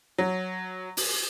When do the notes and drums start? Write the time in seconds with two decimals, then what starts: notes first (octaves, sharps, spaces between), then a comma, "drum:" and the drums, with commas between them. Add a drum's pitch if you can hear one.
0.18 F#3
0.97 drum: open hi-hat